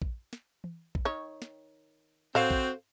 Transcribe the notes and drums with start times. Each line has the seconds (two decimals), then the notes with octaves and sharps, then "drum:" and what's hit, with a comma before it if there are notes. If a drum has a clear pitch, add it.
0.02 drum: kick A#1
0.33 drum: snare
0.64 drum: tom E3
0.95 drum: kick A#1
1.05 D#3 C#5
1.42 drum: snare
2.35 C4 F#4 A4 C5 C#5 F5, drum: tom G#2
2.51 drum: kick A#1